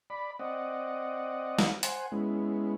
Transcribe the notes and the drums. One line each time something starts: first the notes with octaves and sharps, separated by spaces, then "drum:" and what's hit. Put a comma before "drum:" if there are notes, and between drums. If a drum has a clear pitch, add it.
D5 B5
C4 D5 D#5 F#5
drum: snare
C5 F#5 G#5, drum: hi-hat
G#3 B3 C#4 E4